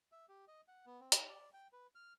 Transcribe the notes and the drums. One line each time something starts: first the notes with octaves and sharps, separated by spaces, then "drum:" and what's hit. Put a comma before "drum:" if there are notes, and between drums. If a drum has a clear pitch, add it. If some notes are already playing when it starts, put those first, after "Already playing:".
E5
G4
D#5
F#5
B3
C4
D#4, drum: hi-hat
D5
G5
B4
F6